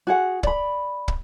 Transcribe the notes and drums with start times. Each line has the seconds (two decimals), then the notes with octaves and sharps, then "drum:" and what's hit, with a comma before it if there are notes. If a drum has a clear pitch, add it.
0.07 F#4 G#4 F#5
0.43 D5 B5, drum: kick
1.08 drum: kick